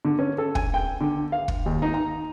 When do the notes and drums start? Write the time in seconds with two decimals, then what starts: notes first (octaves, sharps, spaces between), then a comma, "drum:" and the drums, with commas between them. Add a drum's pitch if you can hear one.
0.05 D3
0.19 C#4
0.38 A4
0.55 G#5, drum: kick
0.74 G5
1.01 D3
1.32 F5
1.48 drum: kick
1.66 D#2
1.82 D#4
1.94 A#5